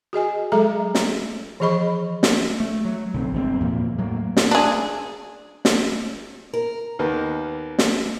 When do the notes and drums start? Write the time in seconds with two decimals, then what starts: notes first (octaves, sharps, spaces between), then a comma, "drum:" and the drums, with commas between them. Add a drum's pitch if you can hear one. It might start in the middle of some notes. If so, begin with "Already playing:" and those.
0.13 F#4 G#4 D#5 G#5
0.52 F#3 G#3 G#4 A4 E5 A#5
0.95 drum: snare
1.60 E3 F3 G#4 D#5 B5 C#6
2.23 drum: snare
2.60 A3
2.85 F#3
3.14 B1 D3 F3 C4
3.34 G1 G#2 C#3 C4
3.60 E2 A#2 F3 A#3
3.98 A2 F#3 G#3 A#3
4.37 drum: snare
4.51 D4 G#4
5.65 drum: snare
6.53 A#4
6.99 D#2 A#3 B3
7.79 drum: snare